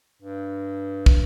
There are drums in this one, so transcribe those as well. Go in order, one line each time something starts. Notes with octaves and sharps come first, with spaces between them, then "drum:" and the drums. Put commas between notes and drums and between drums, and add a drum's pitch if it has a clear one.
G2
drum: kick